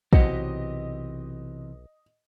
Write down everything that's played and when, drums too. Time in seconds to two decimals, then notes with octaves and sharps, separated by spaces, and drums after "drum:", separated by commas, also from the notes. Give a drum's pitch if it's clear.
0.13 B1 C3 E3 F#4 G4 C5 D#5 F#5, drum: kick